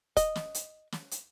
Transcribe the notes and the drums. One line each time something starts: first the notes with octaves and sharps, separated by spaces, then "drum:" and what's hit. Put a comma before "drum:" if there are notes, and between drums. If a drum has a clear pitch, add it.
D#5, drum: kick, hi-hat
drum: snare
drum: hi-hat
drum: snare
drum: hi-hat